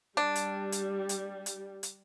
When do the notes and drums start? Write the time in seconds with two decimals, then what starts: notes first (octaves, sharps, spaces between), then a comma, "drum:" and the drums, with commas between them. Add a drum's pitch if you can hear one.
0.17 G3 D4
0.36 drum: hi-hat
0.72 drum: hi-hat
1.09 drum: hi-hat
1.46 drum: hi-hat
1.83 drum: hi-hat